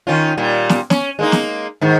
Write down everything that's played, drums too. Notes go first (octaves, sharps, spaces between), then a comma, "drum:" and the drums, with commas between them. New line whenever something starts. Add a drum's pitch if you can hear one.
D#3 C#4 F4
A#2 G3
drum: snare
C#4, drum: snare
G#3 A#3 D#4
drum: snare
G#2 D#3